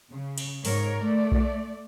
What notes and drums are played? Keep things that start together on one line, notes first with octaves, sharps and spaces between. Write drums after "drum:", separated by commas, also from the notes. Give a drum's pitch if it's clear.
C#3
drum: cymbal
G#2 A#4 C#5, drum: open hi-hat
A3 D5
drum: kick B1